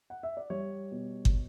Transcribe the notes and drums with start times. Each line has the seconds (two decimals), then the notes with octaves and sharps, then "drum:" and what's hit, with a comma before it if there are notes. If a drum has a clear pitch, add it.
0.10 F#5
0.23 E5
0.37 D5
0.50 G3 C#5
0.91 B2
1.25 drum: kick G1